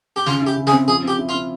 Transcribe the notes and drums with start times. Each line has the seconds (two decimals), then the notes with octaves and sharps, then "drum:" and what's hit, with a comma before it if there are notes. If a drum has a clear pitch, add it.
0.16 G4
0.26 C#3 F4, drum: snare
0.42 E4 G4
0.57 C#3
0.67 G#4, drum: snare
0.72 C4
0.88 F3 G#4
1.03 C4 G4
1.19 E4
1.29 F4
1.34 C4